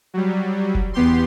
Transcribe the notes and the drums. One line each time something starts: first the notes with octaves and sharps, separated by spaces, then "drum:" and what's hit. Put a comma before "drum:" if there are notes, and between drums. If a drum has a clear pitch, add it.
F#3 G3
drum: kick F1
E2 B3 G4 C6